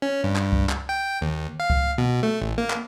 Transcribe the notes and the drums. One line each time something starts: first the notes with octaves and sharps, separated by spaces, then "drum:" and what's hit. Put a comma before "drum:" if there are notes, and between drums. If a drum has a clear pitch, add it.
C#4
G2
drum: clap
drum: kick C#2
drum: clap
G5
D#2
F5
drum: kick C#2
B2
A3
A1
A#3
drum: clap